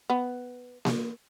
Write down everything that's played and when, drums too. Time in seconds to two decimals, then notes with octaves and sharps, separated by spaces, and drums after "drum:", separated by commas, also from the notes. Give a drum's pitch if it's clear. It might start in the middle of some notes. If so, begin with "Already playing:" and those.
0.10 B3
0.85 drum: snare A#3